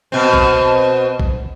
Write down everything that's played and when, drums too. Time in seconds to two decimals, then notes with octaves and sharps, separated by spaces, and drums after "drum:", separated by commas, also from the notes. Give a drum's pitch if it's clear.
0.12 B2 C4
0.34 drum: kick B1
1.20 drum: kick B1